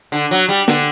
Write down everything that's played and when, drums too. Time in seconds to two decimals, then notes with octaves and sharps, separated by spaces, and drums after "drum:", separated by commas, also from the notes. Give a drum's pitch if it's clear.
0.12 D3
0.31 F#3
0.49 G3
0.68 D3, drum: snare